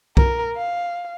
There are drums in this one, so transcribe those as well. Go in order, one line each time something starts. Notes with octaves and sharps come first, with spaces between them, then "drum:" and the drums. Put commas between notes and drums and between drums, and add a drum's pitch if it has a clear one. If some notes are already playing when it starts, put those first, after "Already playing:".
A#4, drum: kick
F5